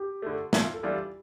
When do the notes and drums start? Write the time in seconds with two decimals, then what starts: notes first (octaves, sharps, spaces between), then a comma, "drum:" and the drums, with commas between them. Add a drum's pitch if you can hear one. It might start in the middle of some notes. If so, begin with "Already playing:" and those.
Already playing: G4
0.22 D3 A3
0.53 E2 F4, drum: snare
0.74 A4
0.83 E3 G3 D4 F4
0.94 G4